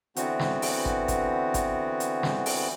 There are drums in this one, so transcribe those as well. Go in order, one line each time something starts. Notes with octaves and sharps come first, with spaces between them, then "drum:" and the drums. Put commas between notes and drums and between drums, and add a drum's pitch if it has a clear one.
D3 E3 B3 C4 F#4, drum: hi-hat
drum: snare
drum: open hi-hat
drum: kick
drum: kick, hi-hat
drum: kick, hi-hat
drum: hi-hat
drum: snare
drum: open hi-hat